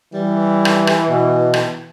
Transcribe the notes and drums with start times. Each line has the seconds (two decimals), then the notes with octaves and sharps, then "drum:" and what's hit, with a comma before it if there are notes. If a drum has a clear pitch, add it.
0.14 E3 G3
0.65 drum: rim click
0.87 drum: rim click
1.09 B2
1.54 drum: rim click